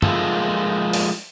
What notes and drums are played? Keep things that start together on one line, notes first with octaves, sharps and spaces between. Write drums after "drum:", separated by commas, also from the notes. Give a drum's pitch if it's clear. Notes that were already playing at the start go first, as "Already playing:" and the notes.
F3 G#3 A#3 E4 F4 A4, drum: tom
drum: open hi-hat